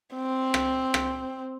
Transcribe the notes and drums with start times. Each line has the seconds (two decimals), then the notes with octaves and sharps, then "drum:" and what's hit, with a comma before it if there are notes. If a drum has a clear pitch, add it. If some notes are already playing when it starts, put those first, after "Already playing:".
0.14 C4
0.54 drum: rim click
0.94 drum: rim click